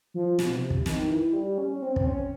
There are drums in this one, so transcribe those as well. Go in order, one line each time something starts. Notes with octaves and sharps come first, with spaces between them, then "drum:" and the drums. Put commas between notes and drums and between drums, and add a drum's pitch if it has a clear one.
F3
B2, drum: snare
C3
drum: kick
D#3, drum: snare
E3
G3
C#4
C4
C4, drum: kick
C#4